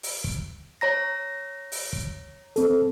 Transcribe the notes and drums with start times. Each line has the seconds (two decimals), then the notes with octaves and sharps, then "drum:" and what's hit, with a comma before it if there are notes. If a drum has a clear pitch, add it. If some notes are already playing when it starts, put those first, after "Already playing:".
0.03 drum: open hi-hat
0.24 drum: kick
0.81 C#5 A#5 A#6
1.72 drum: open hi-hat
1.93 drum: kick
2.56 C4 A4, drum: hi-hat